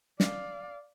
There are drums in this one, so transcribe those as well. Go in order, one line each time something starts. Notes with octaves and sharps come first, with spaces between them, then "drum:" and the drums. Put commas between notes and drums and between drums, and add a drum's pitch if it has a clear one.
D5 F5, drum: snare